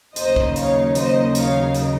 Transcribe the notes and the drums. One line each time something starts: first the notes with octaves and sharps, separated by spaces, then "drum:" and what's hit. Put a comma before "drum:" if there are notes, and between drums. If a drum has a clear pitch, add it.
D#2 C#3 F#3 A#3 D#4 C5 D#5, drum: hi-hat
drum: kick
C#5 F5, drum: hi-hat
C5 D#5, drum: hi-hat
C#5 F5, drum: hi-hat
drum: hi-hat